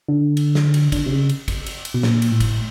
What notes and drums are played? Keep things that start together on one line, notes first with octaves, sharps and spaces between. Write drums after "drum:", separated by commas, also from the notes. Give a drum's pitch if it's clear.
D3
drum: cymbal
drum: snare
drum: cymbal
D3, drum: kick, cymbal
C3
C#3
drum: cymbal
drum: kick, cymbal
drum: cymbal
drum: cymbal
B2
A#2, drum: snare
drum: cymbal
A2
drum: kick, cymbal